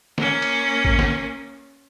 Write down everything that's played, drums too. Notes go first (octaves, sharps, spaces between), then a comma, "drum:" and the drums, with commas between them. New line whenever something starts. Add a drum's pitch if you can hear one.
A#3 C#4, drum: snare
drum: cymbal
drum: kick G#1
drum: snare